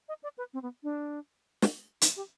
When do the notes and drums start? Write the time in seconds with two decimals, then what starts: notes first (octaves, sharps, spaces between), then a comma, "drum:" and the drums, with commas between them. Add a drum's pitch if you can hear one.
0.09 D#5
0.23 D5
0.38 B4
0.54 C4
0.63 B3
0.83 D4
1.62 drum: snare
2.02 D#4, drum: hi-hat
2.16 G4